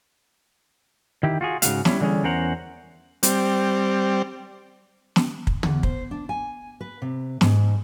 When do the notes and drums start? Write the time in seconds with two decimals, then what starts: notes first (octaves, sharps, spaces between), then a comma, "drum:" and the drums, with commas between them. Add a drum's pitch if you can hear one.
1.23 D#3 E4 G4
1.41 F4 F#4 G#4
1.62 G#2 C#3 F#4 F5, drum: hi-hat
1.85 G3 C#4 E4, drum: snare
2.01 D3 E3 G3 C#4 G#4
2.23 E2 C#4 A#4 C5 F#5 A#5
3.23 G3 C4, drum: hi-hat
5.16 drum: snare
5.47 drum: kick
5.63 E2, drum: tom
5.83 C5, drum: kick
6.11 D4
6.29 G#5
6.81 B4
7.02 C3
7.41 G#2, drum: snare